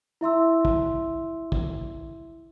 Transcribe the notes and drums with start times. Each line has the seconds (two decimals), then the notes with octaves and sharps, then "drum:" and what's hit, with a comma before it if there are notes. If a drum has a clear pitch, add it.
0.21 E4 E5 C6 E6
0.65 drum: kick
1.52 drum: kick